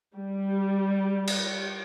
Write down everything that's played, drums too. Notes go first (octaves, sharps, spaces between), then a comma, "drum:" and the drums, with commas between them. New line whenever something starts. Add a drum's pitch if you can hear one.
G3
drum: cymbal